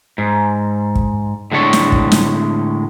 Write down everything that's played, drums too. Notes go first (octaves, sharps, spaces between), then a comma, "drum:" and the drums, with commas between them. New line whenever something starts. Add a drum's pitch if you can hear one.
G#2
drum: kick
A2 D3 G#3 A4 C#5
drum: snare
drum: kick
drum: snare